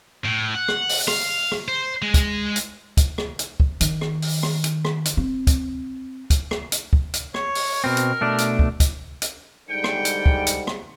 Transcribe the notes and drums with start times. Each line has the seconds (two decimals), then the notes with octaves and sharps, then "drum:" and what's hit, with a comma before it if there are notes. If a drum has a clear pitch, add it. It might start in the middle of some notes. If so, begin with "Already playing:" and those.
0.25 A2
0.54 F#5
0.68 drum: rim click
0.89 drum: open hi-hat
1.08 F5, drum: rim click
1.52 drum: rim click
1.68 C5
2.02 G#3
2.14 drum: kick, hi-hat
2.56 drum: hi-hat
2.97 drum: kick, hi-hat
3.18 drum: rim click
3.39 drum: hi-hat
3.60 drum: kick
3.81 D#3, drum: hi-hat
4.01 drum: rim click
4.22 drum: open hi-hat
4.43 drum: rim click
4.64 drum: hi-hat
4.85 drum: rim click
5.05 drum: hi-hat
5.17 C4
5.47 drum: kick, hi-hat
6.30 drum: kick, hi-hat
6.51 drum: rim click
6.72 drum: hi-hat
6.93 drum: kick
7.14 drum: hi-hat
7.34 C#5, drum: rim click
7.55 drum: open hi-hat
7.84 B2 C4 A#4
7.97 drum: hi-hat
8.21 B2 A3 D4
8.38 drum: hi-hat
8.59 drum: kick
8.80 drum: kick, hi-hat
9.22 drum: hi-hat
9.69 G#2 D3 G3 G5 C#7
9.84 drum: rim click
10.05 drum: hi-hat
10.26 drum: kick
10.47 drum: hi-hat
10.67 drum: rim click